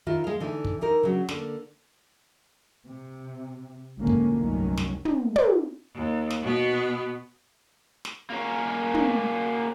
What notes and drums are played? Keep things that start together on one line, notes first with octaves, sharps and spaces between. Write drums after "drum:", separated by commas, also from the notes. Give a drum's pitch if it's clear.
D#3 E4 F4
G#3 F5
D3 E3 D#4
drum: kick
E3 D#4 A#4
C#3 F#3 D4
D3 A#3, drum: snare
C3
G#1 F2 D3 A#3 C#4
drum: kick
F1 C2 G2 D#3 F#3 C#4
drum: snare
drum: tom
drum: tom
D#2
drum: snare
B2 B3
drum: snare
A#3 C#4
drum: tom